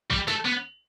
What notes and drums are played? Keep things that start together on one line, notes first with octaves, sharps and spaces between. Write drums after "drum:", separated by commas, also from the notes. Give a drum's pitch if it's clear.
G3, drum: kick
A3, drum: snare
B3